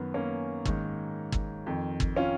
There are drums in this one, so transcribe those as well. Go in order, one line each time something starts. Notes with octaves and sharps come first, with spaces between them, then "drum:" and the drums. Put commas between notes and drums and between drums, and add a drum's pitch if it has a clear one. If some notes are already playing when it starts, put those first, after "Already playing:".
Already playing: F#2 D#3 B3
A#3 C#4
G#2 D#3, drum: kick
drum: kick
F2 D#3
drum: kick
C#4 F4